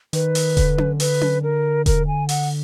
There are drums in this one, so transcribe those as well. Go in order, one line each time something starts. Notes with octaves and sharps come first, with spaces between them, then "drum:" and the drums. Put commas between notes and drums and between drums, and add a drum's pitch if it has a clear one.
D#3 B4, drum: hi-hat
drum: open hi-hat
D3, drum: kick E1, hi-hat
drum: tom C#4
B4, drum: open hi-hat
drum: tom C#4
A#4
A#4, drum: kick E1, hi-hat
G#5
F#5, drum: open hi-hat